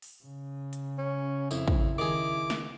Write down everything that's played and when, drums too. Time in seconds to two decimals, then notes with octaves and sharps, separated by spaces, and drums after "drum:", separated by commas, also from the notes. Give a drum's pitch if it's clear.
0.02 drum: open hi-hat
0.24 C#3
0.73 drum: hi-hat
0.98 C#4
1.51 F2 E4, drum: tambourine
1.68 drum: kick
1.98 D#3 G#4 D6
2.50 drum: snare